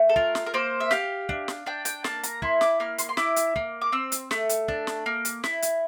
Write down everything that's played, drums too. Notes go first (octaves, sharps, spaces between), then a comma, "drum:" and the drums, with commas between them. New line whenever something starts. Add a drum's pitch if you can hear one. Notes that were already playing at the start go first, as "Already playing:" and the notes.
Already playing: A3
A4
F4 A#4, drum: kick
drum: snare
A#4
A#3 C5
E5
G4 F5, drum: snare
D4, drum: kick
drum: snare
D4 G5
G5, drum: hi-hat
A#3 A5, drum: snare
A#5, drum: hi-hat
E4 C6, drum: kick
D6, drum: snare
A#3 F6
C6, drum: hi-hat
C6
E4 D6, drum: snare
drum: hi-hat
A#3, drum: kick
D6
C4 E6
drum: hi-hat
A3, drum: snare
drum: hi-hat
D4, drum: kick
drum: snare
A#3
drum: hi-hat
E4, drum: snare
drum: hi-hat